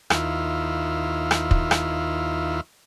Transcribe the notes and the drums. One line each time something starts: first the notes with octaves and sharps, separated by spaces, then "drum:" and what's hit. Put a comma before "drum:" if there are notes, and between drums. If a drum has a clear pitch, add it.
D#2 E4 F4, drum: rim click
drum: rim click
drum: kick
drum: rim click